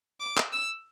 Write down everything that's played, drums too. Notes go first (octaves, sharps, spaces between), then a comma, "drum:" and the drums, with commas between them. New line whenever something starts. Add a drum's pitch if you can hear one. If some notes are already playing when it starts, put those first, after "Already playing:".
D6
drum: clap
E6